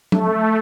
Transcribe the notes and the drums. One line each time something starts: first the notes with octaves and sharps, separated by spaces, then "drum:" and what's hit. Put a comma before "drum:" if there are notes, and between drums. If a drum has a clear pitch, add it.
A3, drum: tom F#3